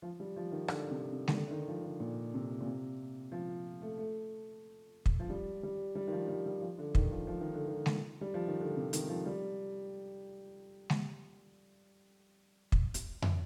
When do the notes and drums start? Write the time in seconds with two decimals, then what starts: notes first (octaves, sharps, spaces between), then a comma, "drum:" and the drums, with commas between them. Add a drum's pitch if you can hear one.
0.02 F3
0.20 G3
0.37 F3
0.52 D#3
0.68 D3, drum: rim click
0.91 C3
1.12 C3
1.28 D#3, drum: snare G#3
1.34 D3
1.47 D3
1.51 D#3
1.68 F3
1.84 D3
2.00 A#2
2.34 C3
2.61 A#2
2.66 C3
3.32 F3
3.82 A3
3.98 A3
5.06 drum: kick
5.20 F3
5.30 G3
5.63 G3
5.95 G3
6.07 D#3
6.12 F3
6.28 G3
6.46 G3
6.61 F3
6.78 D3
6.95 D#3, drum: kick
7.11 F3
7.27 F3
7.41 D#3
7.54 D3
7.68 D#3
7.86 drum: snare G#3
8.21 G3
8.34 F3
8.47 D#3
8.60 D3
8.76 C3
8.93 D#3, drum: hi-hat
9.09 F3
9.26 G3
10.90 drum: snare G#3
12.72 drum: kick
12.94 drum: hi-hat
13.22 drum: tom F2